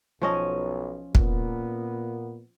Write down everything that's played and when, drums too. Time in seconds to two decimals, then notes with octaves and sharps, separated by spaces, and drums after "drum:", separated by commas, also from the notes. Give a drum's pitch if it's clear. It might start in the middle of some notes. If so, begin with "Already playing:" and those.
0.22 B1 F3 C#4 D#5
1.15 A#2 A#3 B3, drum: kick